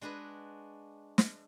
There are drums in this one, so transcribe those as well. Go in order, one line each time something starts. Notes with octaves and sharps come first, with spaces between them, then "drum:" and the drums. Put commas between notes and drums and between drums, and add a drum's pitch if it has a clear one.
G#3 D4 F#4 G#4 B4
drum: snare